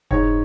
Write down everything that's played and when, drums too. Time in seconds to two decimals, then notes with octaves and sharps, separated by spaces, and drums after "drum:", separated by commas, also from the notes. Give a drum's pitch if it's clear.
0.11 G#2 C#5, drum: kick F1